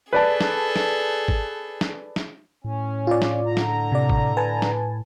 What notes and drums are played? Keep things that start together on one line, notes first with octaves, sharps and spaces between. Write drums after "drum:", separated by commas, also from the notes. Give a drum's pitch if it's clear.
G#4 A4 B4 D5 A5
drum: snare
drum: snare
drum: kick G#1
drum: snare
drum: snare
A2 C#4
F4 D5
drum: snare
D3 A#5
drum: snare
C3 D5
drum: kick G#1
B4 G#5 A5
drum: snare